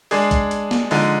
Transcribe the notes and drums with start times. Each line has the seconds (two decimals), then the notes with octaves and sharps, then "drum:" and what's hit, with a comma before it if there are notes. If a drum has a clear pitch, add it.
0.11 G#3 D4 G#4, drum: open hi-hat
0.31 drum: kick A#1, hi-hat
0.51 drum: hi-hat
0.71 drum: snare
0.91 D3 F3 G#3 D#4, drum: open hi-hat